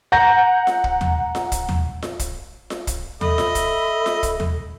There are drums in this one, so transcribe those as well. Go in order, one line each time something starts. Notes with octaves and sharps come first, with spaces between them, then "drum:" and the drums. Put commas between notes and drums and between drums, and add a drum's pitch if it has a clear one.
F#5 A#5 G6 A#6
drum: snare F4
drum: kick
drum: tom D#2
drum: snare F4
drum: kick, hi-hat
drum: tom D#2
drum: snare F4
drum: kick, hi-hat
drum: snare F4
drum: kick, hi-hat
A4 D#5 E5 B5, drum: tom D#2
drum: snare F4
drum: kick, hi-hat
drum: snare F4
drum: kick, hi-hat
drum: tom D#2